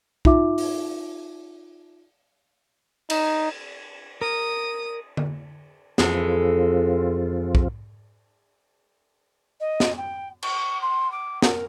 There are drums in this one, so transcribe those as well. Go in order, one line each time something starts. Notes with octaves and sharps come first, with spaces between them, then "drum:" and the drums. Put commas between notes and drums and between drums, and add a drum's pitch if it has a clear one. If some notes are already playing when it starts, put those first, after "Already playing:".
D#4 F4 E5 D6, drum: kick
drum: open hi-hat
D#4, drum: cymbal
A#4 D#6
drum: tom D3
F2 E3 G#3 C4 F4 A4, drum: snare
drum: kick
D#5
drum: snare
G5
C#6, drum: cymbal
C6
D6
A#4, drum: snare